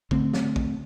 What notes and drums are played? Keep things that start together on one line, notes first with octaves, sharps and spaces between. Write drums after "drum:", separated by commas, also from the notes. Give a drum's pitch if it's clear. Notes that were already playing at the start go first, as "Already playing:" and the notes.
D3 A3 C4, drum: kick
drum: snare
drum: kick